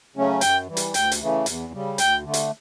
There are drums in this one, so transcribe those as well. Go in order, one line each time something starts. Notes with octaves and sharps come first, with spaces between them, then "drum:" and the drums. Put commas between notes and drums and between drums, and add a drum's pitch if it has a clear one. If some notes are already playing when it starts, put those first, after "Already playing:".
C#3 F#3 A3 C#4
F#2 G5, drum: hi-hat
E3 G3
drum: hi-hat
D2 G5, drum: hi-hat
drum: hi-hat
C#3 E3 A3
E2, drum: hi-hat
C#3 G3
D2 G5, drum: hi-hat
D3 A3
drum: hi-hat